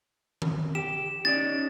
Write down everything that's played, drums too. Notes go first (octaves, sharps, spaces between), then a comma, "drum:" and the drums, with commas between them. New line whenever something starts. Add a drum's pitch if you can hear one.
drum: tom D#3
G4 E7
C#4 D#4 D5 A6